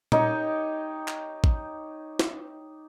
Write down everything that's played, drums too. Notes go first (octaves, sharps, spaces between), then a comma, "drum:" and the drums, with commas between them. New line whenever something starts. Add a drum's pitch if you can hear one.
D#4 G4 C#5 D#5, drum: tom A#2
drum: clap
drum: kick
drum: snare